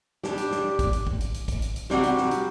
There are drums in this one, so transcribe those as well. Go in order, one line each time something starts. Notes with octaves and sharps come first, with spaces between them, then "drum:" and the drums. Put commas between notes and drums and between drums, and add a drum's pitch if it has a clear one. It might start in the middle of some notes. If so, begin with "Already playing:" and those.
G3 D4 G4, drum: snare
drum: hi-hat
drum: snare
drum: kick, hi-hat
drum: hi-hat
drum: kick
drum: hi-hat
drum: hi-hat
drum: kick, hi-hat
drum: hi-hat
drum: hi-hat
C3 G3 C4 F#4, drum: snare
drum: hi-hat
drum: snare
drum: hi-hat